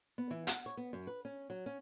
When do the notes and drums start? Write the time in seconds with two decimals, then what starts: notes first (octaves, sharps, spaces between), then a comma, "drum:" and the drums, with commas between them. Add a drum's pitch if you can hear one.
0.18 B3
0.31 E3
0.47 F#5, drum: hi-hat
0.66 C#5
0.77 B3
0.93 F#2
1.07 B4
1.25 C#4
1.50 F#3
1.66 C#4